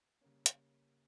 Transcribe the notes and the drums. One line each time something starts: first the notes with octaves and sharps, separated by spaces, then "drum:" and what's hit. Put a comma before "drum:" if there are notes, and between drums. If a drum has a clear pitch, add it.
C#3 G3 A#3 C#4
drum: hi-hat